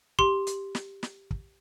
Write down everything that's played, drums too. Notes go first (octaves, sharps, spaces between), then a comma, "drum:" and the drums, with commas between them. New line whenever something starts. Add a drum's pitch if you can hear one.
G4 C6, drum: kick
drum: hi-hat
drum: snare
drum: snare
drum: kick